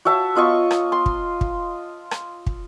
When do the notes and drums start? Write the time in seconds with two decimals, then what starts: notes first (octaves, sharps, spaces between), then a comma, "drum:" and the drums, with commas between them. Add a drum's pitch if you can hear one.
0.05 F#4 C#5 E5 A5
0.35 B3 F4 D#5 C#6
0.71 drum: rim click
0.92 C6
1.06 drum: kick
1.41 drum: kick
2.11 drum: rim click
2.46 drum: kick